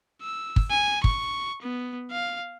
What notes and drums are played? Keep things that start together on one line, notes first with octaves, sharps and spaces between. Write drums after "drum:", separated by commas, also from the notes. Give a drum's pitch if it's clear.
E6
drum: kick
G#5
C#6, drum: kick
B3
F5